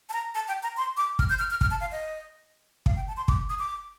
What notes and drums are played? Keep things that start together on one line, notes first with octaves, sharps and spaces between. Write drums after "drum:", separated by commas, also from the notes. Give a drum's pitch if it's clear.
A5
A#5
A5
G5
A#5
C6
D6
F6, drum: kick
G6
F6
F6
F6, drum: kick
A5
F5
D#5
F5, drum: kick
G5
A5
C6
D6, drum: kick
D#6
D6